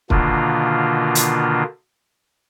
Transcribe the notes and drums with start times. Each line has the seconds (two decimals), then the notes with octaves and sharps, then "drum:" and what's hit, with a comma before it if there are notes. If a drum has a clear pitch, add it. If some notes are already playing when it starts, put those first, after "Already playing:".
0.10 B2 D3 D#3 A#3 D4 F4, drum: kick
1.15 drum: hi-hat